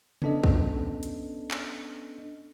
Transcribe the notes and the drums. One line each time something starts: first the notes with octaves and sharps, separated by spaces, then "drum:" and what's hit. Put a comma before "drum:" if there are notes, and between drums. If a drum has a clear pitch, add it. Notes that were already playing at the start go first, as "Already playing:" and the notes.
B3 C#4 D4 A4 D#5, drum: tom C3
drum: kick
drum: hi-hat
drum: clap